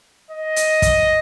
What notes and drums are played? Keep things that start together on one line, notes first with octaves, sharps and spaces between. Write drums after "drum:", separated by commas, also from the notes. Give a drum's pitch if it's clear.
D#5
drum: hi-hat
drum: kick, hi-hat